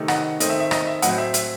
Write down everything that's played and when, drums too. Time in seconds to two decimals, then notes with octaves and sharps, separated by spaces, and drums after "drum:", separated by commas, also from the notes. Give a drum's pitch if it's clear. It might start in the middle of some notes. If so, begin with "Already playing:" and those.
Already playing: C3 D#3 A3 D#4
0.08 D#5 F#5, drum: rim click
0.40 D#3 A3 C4 D#5, drum: hi-hat
0.50 E5
0.60 E5
0.71 D#5, drum: rim click
0.87 E5
1.02 A2 F#3 C4 D#5 F#5, drum: hi-hat
1.18 E5
1.34 E5, drum: hi-hat